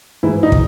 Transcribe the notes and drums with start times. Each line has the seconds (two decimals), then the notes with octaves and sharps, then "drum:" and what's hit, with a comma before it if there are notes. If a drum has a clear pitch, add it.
0.23 G#2 E3 E4
0.43 D#4
0.52 D#3, drum: kick